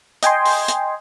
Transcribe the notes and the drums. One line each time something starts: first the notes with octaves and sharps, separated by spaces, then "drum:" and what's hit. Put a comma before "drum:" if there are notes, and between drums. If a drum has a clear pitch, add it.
D#5 G5 G#5 C6, drum: hi-hat
drum: open hi-hat
drum: hi-hat